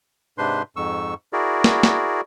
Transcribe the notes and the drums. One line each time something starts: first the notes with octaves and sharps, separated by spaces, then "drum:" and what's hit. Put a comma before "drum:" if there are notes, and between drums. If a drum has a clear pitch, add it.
G#2 C3 D4 B4 C5 C6
F2 G#2 C#6 E6
E4 F#4 G#4 A#4 D5
drum: snare
drum: snare